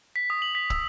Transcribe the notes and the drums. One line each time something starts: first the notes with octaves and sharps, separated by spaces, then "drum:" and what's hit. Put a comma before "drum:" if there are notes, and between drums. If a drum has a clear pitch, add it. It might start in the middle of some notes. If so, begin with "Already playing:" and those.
B6
D#6
F#7
B6
E6, drum: kick